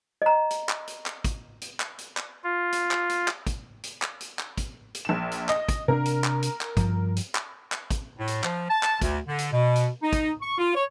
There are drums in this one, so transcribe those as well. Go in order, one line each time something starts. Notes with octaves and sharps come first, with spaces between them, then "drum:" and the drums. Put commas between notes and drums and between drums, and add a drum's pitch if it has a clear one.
D#5 A#5
drum: hi-hat
drum: clap
drum: hi-hat
drum: clap
drum: kick, hi-hat
drum: hi-hat
drum: clap
drum: hi-hat
drum: clap
F4
drum: hi-hat
drum: clap
drum: hi-hat
drum: clap
drum: kick, hi-hat
drum: hi-hat
drum: clap
drum: hi-hat
drum: clap
drum: kick, hi-hat
drum: hi-hat
A#1 E7
drum: hi-hat
D#5, drum: clap
drum: kick, hi-hat
C3 C#4 D4 A#4
drum: hi-hat
drum: clap
drum: hi-hat
drum: clap
G2 F3, drum: kick, hi-hat
drum: hi-hat
drum: clap
drum: clap
drum: kick, hi-hat
A2
drum: hi-hat
F3, drum: clap
A5
drum: clap
D2, drum: kick, hi-hat
D3
drum: hi-hat
B2
drum: hi-hat
D#4
drum: kick, hi-hat
C#6
F4
C#5